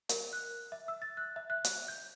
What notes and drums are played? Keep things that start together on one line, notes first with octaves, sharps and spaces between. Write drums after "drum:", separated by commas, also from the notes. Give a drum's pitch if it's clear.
A#4, drum: hi-hat
F#6
E5
E6
A6
F#6
E5
F#6
drum: hi-hat
G6